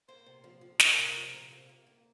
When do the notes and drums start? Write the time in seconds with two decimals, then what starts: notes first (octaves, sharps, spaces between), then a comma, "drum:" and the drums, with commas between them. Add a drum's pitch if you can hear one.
0.08 A#3 C5
0.26 C3
0.44 F3
0.61 F3
0.80 A#3 A#4, drum: snare
0.98 C3
1.15 F3
1.34 C3
1.52 A#3
1.69 A#3
1.87 A#3